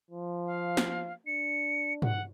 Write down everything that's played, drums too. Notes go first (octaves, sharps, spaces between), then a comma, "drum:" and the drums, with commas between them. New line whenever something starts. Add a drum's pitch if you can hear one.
F3
F5
drum: snare
D4 C#7
F#5, drum: tom